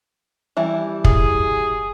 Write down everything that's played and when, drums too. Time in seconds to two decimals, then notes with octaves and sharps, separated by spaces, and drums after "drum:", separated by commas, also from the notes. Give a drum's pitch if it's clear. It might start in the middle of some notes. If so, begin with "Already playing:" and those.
0.57 E3 G3 E4
1.05 G#4, drum: kick